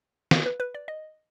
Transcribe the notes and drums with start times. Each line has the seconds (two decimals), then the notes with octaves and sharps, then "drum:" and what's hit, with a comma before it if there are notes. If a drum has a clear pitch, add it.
0.31 F5, drum: snare
0.46 B4
0.60 B4
0.75 D5
0.88 D#5